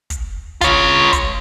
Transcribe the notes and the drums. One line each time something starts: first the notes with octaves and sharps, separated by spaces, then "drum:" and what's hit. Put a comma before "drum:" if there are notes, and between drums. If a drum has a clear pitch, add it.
drum: kick, hi-hat
F4 C#5, drum: kick, hi-hat
drum: kick, hi-hat